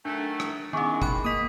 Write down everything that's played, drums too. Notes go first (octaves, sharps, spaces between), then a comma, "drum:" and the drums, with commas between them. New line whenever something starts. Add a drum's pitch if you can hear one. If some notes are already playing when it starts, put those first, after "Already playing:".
D#3 F#3 A3 D4
drum: rim click
E2 D#3 G#3 B3 C#4 G#5 C#6 D6
G5 B5 F#6, drum: kick G1
A#3 D#5 D#6 B6 D#7